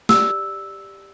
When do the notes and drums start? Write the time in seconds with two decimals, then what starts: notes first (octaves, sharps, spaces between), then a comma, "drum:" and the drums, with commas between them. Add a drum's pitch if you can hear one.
0.09 G4 D5 E6, drum: snare